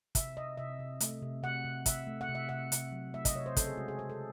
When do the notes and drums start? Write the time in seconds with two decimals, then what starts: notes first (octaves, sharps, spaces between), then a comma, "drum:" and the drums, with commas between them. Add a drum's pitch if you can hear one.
0.15 C3 E5, drum: kick, hi-hat
0.37 C3 D#5
0.57 C3 E5
0.79 C3
1.00 A3, drum: hi-hat
1.22 C3
1.43 C3 F#5
1.65 C3
1.86 C3 E5, drum: kick, hi-hat
2.07 A3
2.21 F#5
2.29 C3
2.35 E5
2.49 C3 F#5
2.72 C3, drum: hi-hat
2.92 F#3
3.14 A3 E5
3.25 D#5, drum: kick, hi-hat
3.35 C3 C#5
3.46 C5
3.57 C#3 A4, drum: kick, hi-hat
3.67 G#4
3.77 G#3 F#4
3.88 G#4
3.99 G#3 C5
4.10 A4